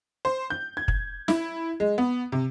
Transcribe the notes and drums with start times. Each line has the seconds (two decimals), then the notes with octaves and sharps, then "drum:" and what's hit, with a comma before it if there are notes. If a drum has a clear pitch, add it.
0.25 C5
0.50 G6
0.77 G#6
0.88 drum: kick
1.28 E4, drum: snare
1.80 G#3
1.98 B3
2.32 C3